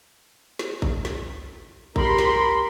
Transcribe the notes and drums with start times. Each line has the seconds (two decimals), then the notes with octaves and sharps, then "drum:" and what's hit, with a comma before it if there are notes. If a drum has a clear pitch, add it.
0.59 drum: snare
0.82 drum: kick
1.05 drum: snare
1.96 G4 A#4 B5 C6, drum: kick
2.19 drum: snare